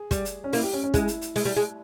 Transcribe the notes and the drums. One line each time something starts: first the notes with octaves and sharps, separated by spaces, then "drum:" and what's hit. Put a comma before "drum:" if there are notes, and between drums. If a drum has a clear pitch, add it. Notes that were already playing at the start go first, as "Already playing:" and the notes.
Already playing: G#4
G3, drum: kick, hi-hat
drum: hi-hat
C#4
A#3 E4, drum: open hi-hat
G4
C#4
C#4
G#3 E4, drum: kick, hi-hat
drum: hi-hat
drum: hi-hat
G#3, drum: open hi-hat
G3
G#3